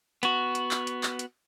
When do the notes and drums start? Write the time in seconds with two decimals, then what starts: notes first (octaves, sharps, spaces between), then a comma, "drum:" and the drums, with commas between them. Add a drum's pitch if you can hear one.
0.23 B3 F#4, drum: hi-hat
0.55 drum: hi-hat
0.71 drum: clap
0.87 drum: hi-hat
1.03 drum: clap
1.19 drum: hi-hat